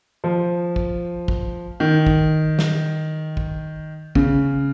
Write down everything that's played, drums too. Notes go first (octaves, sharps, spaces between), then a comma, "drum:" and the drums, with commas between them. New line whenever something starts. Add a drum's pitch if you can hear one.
F3
drum: kick
drum: kick
D#3
drum: kick
drum: snare
drum: kick
C#3, drum: kick